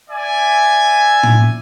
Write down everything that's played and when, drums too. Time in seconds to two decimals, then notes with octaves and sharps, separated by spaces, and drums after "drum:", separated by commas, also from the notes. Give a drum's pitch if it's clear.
0.10 D5 E5 G#5
1.23 drum: tom A2